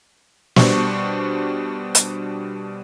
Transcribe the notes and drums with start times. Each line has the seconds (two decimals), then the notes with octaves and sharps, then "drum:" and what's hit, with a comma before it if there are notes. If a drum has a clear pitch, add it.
0.56 B2 G3 D4 C5 C#6, drum: snare
1.95 drum: hi-hat